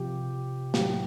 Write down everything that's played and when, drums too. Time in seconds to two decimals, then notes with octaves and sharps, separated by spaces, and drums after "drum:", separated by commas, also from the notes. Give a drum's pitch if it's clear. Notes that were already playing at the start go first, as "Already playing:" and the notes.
Already playing: C3 F3 G4
0.74 A2 F#3 G4, drum: snare